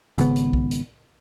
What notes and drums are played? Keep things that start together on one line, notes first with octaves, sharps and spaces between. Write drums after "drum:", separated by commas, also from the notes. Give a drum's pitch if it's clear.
G#1 C#3 B3, drum: hi-hat
drum: hi-hat
drum: kick B1
drum: hi-hat